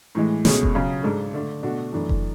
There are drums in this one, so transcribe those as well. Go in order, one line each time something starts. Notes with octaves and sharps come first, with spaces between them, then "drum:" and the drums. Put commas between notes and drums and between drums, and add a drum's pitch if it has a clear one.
A2 E3 G#3
C#2 B2 A3 C#4 G#4, drum: snare
drum: kick F1
C#3 F#3 C#4 G#4
G#2 G#3 D4 A4
D3 A3 D4
B2 A3 D4 F#4
F#2 E3 A3 D4
drum: kick F1